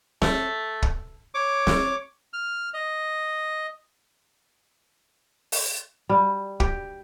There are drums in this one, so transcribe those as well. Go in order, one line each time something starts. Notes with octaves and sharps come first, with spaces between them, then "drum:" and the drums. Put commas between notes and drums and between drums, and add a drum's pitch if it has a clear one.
A3, drum: snare
drum: kick
C#5 D6
drum: snare
F6
D#5
drum: open hi-hat
G3
G4, drum: kick